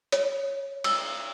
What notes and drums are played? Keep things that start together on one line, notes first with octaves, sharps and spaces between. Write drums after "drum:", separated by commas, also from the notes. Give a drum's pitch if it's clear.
C#5, drum: hi-hat
E6, drum: cymbal